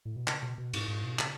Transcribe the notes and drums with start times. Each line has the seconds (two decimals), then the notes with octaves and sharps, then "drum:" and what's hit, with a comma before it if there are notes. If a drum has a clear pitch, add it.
0.05 A2
0.16 B2
0.27 C#3, drum: clap
0.43 B2
0.58 B2
0.74 G#2, drum: cymbal
0.88 G#2
1.04 B2
1.19 C#3, drum: clap